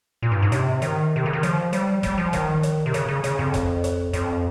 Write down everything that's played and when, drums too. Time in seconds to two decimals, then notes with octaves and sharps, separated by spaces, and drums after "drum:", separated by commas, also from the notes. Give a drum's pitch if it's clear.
0.22 A#2
0.32 G2
0.42 G#2
0.52 C3, drum: hi-hat
0.82 D#3, drum: hi-hat
1.16 C3
1.26 C#3
1.33 D#3
1.43 F3, drum: hi-hat
1.73 G3, drum: hi-hat
2.03 G3, drum: kick F#1, hi-hat
2.18 F3
2.33 D#3, drum: kick F#1, hi-hat
2.63 drum: hi-hat
2.86 C3
2.94 C#3, drum: hi-hat
3.08 C#3
3.24 C#3, drum: hi-hat
3.39 F2
3.54 drum: kick F#1, hi-hat
3.84 drum: hi-hat
4.13 F2, drum: hi-hat